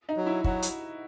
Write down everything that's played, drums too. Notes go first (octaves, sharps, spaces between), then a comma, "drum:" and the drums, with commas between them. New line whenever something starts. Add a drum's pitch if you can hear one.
D#4
F#3
E4
F#3 F#4, drum: kick
drum: hi-hat